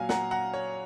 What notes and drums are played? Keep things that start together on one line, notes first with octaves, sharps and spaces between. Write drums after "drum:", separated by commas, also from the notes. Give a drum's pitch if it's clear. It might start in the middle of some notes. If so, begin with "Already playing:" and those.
Already playing: A#2 F#3 F5 G#5
F#5 A#5, drum: snare
F#5 A#5
C#5